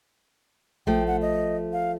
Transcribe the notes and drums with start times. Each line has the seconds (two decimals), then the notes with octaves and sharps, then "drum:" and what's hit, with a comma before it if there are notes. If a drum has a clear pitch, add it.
0.87 F3 A3 G5, drum: kick A#1
1.07 F#5
1.22 D#5
1.73 F5